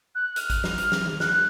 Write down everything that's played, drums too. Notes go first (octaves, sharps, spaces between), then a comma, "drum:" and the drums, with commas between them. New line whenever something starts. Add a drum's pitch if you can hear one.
F#6
F6, drum: hi-hat
drum: kick A1, hi-hat
drum: snare
drum: hi-hat
drum: snare
drum: tom D#3
F#6, drum: snare